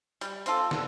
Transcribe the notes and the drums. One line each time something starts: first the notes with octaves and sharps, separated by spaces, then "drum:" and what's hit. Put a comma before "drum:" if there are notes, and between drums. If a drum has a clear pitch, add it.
G3, drum: hi-hat
C4 F4 A4, drum: hi-hat
D3, drum: snare